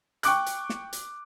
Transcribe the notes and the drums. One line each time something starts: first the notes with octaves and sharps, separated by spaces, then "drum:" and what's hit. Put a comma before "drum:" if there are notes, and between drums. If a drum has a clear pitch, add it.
G5 C#6 D6 F#6, drum: hi-hat
drum: hi-hat
drum: snare
drum: hi-hat